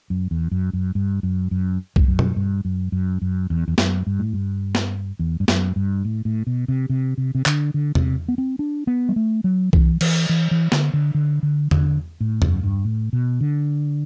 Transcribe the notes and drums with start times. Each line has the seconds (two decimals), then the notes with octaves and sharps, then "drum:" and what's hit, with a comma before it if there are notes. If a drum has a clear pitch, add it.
0.10 F#2
0.31 E2
0.51 F#2
0.73 F#2
0.95 G2
1.23 F#2
1.51 F#2
1.96 G2, drum: kick C2
2.08 F#2
2.19 drum: tom B2
2.36 G2
2.65 F#2
2.92 F#2
3.22 F#2
3.50 E2
3.68 E2
3.78 F#2, drum: snare
4.07 G2
4.19 A2
4.33 G2
4.75 drum: snare
5.19 E2
5.40 G2
5.48 F#2, drum: snare
5.76 G2
6.05 A2
6.25 A2
6.47 B2
6.68 C3
6.89 C3
7.18 C3
7.35 C3
7.46 D3, drum: clap
7.74 D3
7.95 C3, drum: tom E2
8.28 B3
8.38 C4
8.59 D4
8.87 B3
9.09 G3
9.16 A3
9.44 F#3
9.73 E3, drum: kick C2
10.01 E3, drum: cymbal
10.29 E3
10.51 E3
10.72 D3, drum: snare
10.93 D3
11.15 D3
11.43 D3
11.71 D3, drum: tom E2
12.21 A2
12.42 F#2, drum: tom E2
12.63 G2
12.85 A2
13.13 B2
13.41 D3